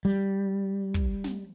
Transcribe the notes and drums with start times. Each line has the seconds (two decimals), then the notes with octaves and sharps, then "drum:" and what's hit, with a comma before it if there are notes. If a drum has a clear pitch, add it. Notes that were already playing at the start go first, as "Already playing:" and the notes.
0.05 G3
0.94 drum: kick, hi-hat
1.24 drum: snare